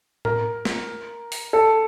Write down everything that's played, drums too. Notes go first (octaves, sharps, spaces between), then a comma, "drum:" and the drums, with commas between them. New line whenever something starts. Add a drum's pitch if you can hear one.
A#4, drum: tom A2
drum: snare
drum: open hi-hat
A4